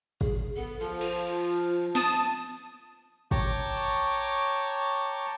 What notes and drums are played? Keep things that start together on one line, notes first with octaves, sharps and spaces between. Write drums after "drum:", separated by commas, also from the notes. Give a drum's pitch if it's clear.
G#4, drum: kick
B3 A4
F3 A4
F4, drum: cymbal
A5 D#6, drum: snare
C#5 G5 A5 A#5 C#6 D6, drum: kick
drum: hi-hat